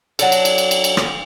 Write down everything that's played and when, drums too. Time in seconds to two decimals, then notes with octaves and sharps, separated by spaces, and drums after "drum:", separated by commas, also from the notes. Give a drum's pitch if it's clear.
0.19 F#3 D4 A4, drum: cymbal
0.32 drum: cymbal
0.45 drum: cymbal
0.58 drum: cymbal
0.71 drum: cymbal
0.84 drum: cymbal
0.97 drum: rim click